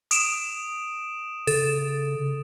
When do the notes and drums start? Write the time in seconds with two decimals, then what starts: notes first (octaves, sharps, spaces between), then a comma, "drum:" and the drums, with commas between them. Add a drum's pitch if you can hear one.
0.11 D#6 D7 E7, drum: hi-hat
1.47 C#3 A4, drum: open hi-hat